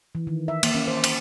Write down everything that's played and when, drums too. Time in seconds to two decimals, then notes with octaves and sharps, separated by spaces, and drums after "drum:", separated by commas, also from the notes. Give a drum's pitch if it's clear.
0.15 E3
0.27 D#3
0.48 E5
0.63 A#3, drum: cymbal
0.75 C#4
0.87 C5
1.04 A#3, drum: cymbal